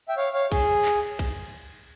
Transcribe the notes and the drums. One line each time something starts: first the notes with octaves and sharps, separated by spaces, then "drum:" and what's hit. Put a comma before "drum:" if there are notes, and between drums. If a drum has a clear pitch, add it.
E5 G5
C#5 F5
C#5 F5
G#4, drum: kick, cymbal
drum: clap
drum: kick, cymbal